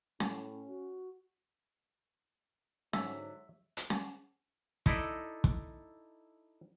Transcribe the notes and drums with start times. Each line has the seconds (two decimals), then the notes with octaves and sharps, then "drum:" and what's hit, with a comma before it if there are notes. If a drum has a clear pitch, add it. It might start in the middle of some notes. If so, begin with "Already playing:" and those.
0.20 A2 C#4, drum: snare C#4
0.68 F#4
2.93 G#2 D3 F#3 E5, drum: snare C#4
3.77 drum: hi-hat
3.90 drum: snare C#4
4.86 D#4 E4 A4 D5 D#5, drum: kick
5.44 drum: kick